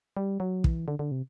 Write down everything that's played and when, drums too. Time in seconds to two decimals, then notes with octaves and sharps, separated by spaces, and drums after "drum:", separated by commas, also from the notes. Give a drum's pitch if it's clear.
0.17 G3
0.40 F#3
0.64 E3, drum: kick
0.88 D3
0.99 D3
1.11 C3